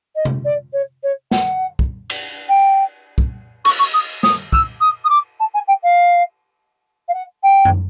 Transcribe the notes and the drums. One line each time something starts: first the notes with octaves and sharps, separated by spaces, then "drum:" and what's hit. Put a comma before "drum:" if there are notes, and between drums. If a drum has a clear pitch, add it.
D#5
drum: tom C3
D5
C#5
C#5
F#5, drum: snare
drum: kick
drum: cymbal
G5
drum: kick
C#6, drum: cymbal
C#6
D#6
D#6, drum: snare
E6, drum: kick
D#6
D#6
D6
A5
G#5
G5
F5
F5
F#5
G5
drum: tom F#2